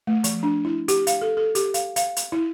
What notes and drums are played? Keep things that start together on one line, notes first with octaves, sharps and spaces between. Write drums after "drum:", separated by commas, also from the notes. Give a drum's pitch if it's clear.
A3
F3, drum: hi-hat
D4
E4
G4, drum: hi-hat
F5, drum: hi-hat
A4
A4
G4, drum: hi-hat
F5, drum: hi-hat
F5, drum: hi-hat
drum: hi-hat
E4